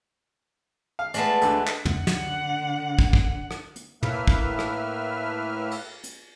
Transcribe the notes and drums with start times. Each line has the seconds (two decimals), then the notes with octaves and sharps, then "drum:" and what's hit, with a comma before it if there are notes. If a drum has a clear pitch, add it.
0.99 F5
1.14 G#3 A3 B3 D5 A5, drum: hi-hat
1.42 D2 D3, drum: hi-hat
1.67 drum: clap
1.85 D3 F#5, drum: tom
2.07 drum: snare
2.99 drum: kick
3.13 drum: kick
3.51 drum: rim click
3.76 drum: hi-hat
4.03 A2 A#3 B4 E5 F6, drum: tom
4.28 drum: kick
4.59 drum: rim click
5.71 drum: cymbal
6.04 drum: hi-hat